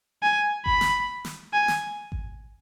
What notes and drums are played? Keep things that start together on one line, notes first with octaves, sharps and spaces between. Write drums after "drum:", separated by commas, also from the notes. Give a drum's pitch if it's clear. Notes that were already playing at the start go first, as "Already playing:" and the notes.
G#5
B5, drum: kick G#1
drum: snare
drum: snare
G#5
drum: snare
drum: kick G#1